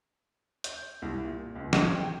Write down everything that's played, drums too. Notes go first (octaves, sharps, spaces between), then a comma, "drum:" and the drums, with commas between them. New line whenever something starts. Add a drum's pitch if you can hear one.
G6, drum: hi-hat
C2
A#2
C#2
G#4, drum: snare
G5